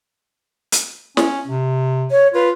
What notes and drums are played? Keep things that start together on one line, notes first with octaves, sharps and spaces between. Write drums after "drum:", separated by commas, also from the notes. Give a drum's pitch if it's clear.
drum: hi-hat
C#4, drum: snare
C3
C#5
F4 B4